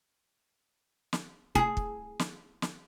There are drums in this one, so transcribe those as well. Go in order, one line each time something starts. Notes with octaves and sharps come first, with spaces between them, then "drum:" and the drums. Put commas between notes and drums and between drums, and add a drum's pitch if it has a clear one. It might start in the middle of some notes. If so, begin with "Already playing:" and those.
drum: snare
G#4, drum: kick
drum: kick
drum: snare
drum: snare